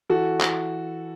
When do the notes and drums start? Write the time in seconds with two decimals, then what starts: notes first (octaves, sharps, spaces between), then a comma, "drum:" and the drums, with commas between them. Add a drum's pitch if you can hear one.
0.10 E3 F#4 A4
0.41 drum: clap